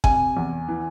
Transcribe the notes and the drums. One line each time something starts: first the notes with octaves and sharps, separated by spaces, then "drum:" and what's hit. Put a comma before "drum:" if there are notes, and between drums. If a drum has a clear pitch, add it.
C3 G#5, drum: kick G1
E2
E3